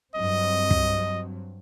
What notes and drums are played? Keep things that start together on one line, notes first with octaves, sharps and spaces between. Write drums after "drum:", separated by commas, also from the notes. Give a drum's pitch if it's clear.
G2 F#3 C4 D#5
drum: kick